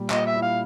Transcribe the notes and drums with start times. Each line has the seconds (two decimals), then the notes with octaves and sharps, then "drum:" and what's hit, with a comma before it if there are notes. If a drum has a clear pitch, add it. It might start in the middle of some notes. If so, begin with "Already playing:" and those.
Already playing: A#2 G3
0.10 A#2 D#5, drum: clap
0.26 E5
0.35 E4
0.42 F5